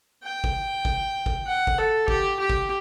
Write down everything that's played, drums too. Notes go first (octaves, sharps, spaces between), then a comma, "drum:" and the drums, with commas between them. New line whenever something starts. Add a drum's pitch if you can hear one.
G5
drum: kick G#1
drum: kick G#1
drum: kick G#1
F#5
drum: kick G#1
A4
G4, drum: kick G#1
G4
drum: kick G#1